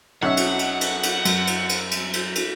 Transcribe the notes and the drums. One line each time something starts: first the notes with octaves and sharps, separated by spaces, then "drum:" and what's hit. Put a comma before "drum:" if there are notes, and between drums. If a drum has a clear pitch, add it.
B1 C#4 E5 F#5
drum: cymbal
drum: cymbal
drum: cymbal
drum: cymbal
F#2, drum: cymbal
drum: cymbal
drum: cymbal
drum: cymbal
drum: cymbal
drum: cymbal